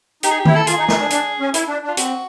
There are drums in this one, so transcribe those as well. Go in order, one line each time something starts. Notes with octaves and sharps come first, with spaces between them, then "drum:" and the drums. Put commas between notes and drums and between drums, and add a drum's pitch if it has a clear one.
D#4 G4, drum: hi-hat
G#4
G4
E4, drum: tom D#3
A4
F4 G#4, drum: hi-hat
D#4
D#4, drum: snare
D4
D4, drum: hi-hat
C#4
E4, drum: hi-hat
D4
D4
F4
C4 F#4, drum: hi-hat